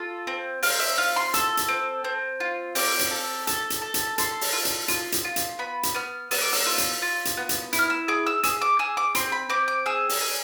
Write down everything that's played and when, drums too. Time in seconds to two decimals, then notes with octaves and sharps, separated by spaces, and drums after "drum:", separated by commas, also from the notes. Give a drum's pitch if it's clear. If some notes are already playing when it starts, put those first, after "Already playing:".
Already playing: F4 A4
0.27 C4
0.63 C4 F5, drum: open hi-hat
0.80 E5
0.98 F4 F5
1.16 C6
1.34 A4 E6, drum: hi-hat
1.57 drum: hi-hat
1.68 C4
2.04 C4
2.40 F4
2.75 C4 D6, drum: open hi-hat
2.99 drum: hi-hat
3.11 A4
3.47 A4, drum: hi-hat
3.70 drum: hi-hat
3.82 A4
3.94 drum: hi-hat
4.18 A4 C6, drum: hi-hat
4.41 drum: open hi-hat
4.53 F4
4.65 drum: hi-hat
4.88 F4, drum: hi-hat
5.12 drum: hi-hat
5.24 F4
5.36 drum: hi-hat
5.59 B3 B5
5.83 drum: hi-hat
5.95 B3 F6
6.31 B3 E6, drum: open hi-hat
6.41 D6
6.53 E6, drum: open hi-hat
6.66 F4
6.78 drum: hi-hat
7.02 F4
7.25 drum: hi-hat
7.37 B3
7.49 drum: hi-hat
7.73 E4, drum: hi-hat
7.79 F6
7.90 E6
8.08 G#4 D6
8.27 E6
8.43 G#4 E6, drum: hi-hat
8.62 D6
8.79 G#4 E6
8.97 D6
9.15 C4 C6, drum: hi-hat
9.32 B5
9.50 C4 D6
9.68 D6
9.86 G#4 E6
10.09 drum: open hi-hat
10.21 G#4